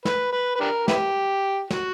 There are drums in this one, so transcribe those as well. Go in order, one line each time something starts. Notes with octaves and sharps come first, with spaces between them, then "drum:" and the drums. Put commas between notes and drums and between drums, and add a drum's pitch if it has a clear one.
B4, drum: snare
B4
B4
D4 G4 A#4
B3 E4 G4, drum: snare
F#4, drum: snare